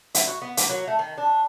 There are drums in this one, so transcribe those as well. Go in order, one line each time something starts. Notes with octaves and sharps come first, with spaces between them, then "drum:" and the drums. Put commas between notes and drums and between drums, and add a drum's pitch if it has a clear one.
E4, drum: hi-hat
F#4
B3
A#3, drum: hi-hat
F#3
A3
D#3
D4